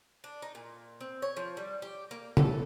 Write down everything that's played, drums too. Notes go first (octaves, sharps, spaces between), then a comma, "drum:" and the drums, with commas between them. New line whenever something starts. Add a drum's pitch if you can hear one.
D4
D#4
A#2
C4
C#5
F3
G3
G4
A#3
A4, drum: tom C#3